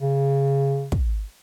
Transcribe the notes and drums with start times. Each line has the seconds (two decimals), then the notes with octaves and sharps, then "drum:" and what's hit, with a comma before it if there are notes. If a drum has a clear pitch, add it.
0.01 C#3
0.92 drum: kick